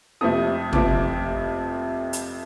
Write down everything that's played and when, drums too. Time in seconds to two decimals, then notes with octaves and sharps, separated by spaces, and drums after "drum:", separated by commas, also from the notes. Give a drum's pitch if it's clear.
0.21 F2 C3 F3 A3 D#6
0.73 F2 C3 F3 A3 D6, drum: tom
2.13 drum: hi-hat